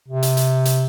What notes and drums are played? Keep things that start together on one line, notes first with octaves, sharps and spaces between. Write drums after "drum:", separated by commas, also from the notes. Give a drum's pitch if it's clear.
C3
drum: hi-hat
drum: hi-hat
drum: hi-hat